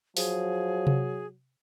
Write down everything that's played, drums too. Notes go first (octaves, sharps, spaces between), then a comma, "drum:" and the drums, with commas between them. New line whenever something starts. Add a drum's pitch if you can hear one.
F3 F#3 G#4, drum: open hi-hat
drum: tom C3